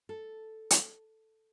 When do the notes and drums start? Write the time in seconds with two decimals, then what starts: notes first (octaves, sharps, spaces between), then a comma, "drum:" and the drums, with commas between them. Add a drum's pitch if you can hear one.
0.09 A4
0.71 drum: hi-hat